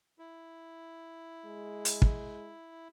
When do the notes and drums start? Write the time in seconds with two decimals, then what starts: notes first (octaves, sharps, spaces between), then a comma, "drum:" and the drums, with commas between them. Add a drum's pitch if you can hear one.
0.19 E4
1.45 G#3
1.85 drum: hi-hat
2.02 drum: kick